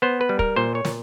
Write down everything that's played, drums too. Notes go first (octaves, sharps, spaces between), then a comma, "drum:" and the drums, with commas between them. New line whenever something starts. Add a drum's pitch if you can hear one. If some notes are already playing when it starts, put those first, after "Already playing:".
B3 C5
B4
G3
A#4, drum: kick
A#2 C5
C#5
A#2, drum: snare